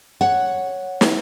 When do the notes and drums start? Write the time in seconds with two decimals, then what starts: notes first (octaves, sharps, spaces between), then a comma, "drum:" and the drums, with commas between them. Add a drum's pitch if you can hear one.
0.21 C#5 F#5
1.01 drum: snare